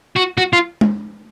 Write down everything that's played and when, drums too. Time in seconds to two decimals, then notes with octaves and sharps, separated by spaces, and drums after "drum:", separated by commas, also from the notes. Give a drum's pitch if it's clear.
0.16 F#4
0.38 F#4
0.53 F4
0.81 drum: tom